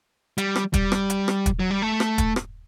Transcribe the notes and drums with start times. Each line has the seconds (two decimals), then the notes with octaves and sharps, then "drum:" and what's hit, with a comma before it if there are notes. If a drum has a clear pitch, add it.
0.38 G3, drum: hi-hat
0.56 drum: rim click
0.74 G3, drum: kick, hi-hat
0.92 drum: rim click
1.10 drum: hi-hat
1.28 drum: rim click
1.46 drum: kick, hi-hat
1.59 F#3
1.71 G3
1.82 A3
2.00 drum: rim click
2.18 drum: kick, hi-hat
2.36 drum: rim click